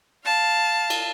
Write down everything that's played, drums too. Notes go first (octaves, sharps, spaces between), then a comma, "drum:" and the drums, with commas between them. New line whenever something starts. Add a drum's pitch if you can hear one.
F5 A5
drum: cymbal